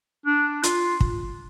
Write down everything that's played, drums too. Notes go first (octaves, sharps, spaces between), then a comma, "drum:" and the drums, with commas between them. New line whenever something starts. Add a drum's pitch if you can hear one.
D4
F4, drum: hi-hat
drum: kick